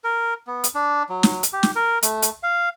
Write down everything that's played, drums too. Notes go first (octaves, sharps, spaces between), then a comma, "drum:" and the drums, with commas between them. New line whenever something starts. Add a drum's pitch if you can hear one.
A#4
B3
drum: hi-hat
D4
F#3
drum: snare
drum: hi-hat
G4
drum: snare
A#4
A3, drum: hi-hat
drum: hi-hat
F5